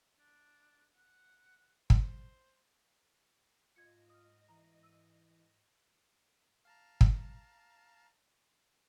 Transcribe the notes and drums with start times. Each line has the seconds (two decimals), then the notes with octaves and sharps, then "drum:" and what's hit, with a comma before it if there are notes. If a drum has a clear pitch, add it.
0.19 D4
0.95 F#5
1.90 C5, drum: kick
3.76 G#2 F4 D#5 G#6 C#7
4.10 D#6 F6
4.49 E3 A#5
4.83 E6 D#7
6.65 F5 A5 A#5
7.01 drum: kick